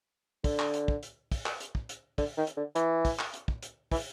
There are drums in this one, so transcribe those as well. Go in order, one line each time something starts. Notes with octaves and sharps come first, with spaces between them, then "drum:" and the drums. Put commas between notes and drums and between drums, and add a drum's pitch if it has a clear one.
D3, drum: kick, open hi-hat
drum: clap
drum: hi-hat
drum: kick
drum: hi-hat
drum: kick, open hi-hat
drum: clap
drum: hi-hat
drum: kick
drum: hi-hat
D3, drum: kick, open hi-hat
D#3
drum: hi-hat
D3
E3, drum: hi-hat
drum: kick, open hi-hat
drum: clap
drum: hi-hat
drum: kick
drum: hi-hat
E3, drum: kick, open hi-hat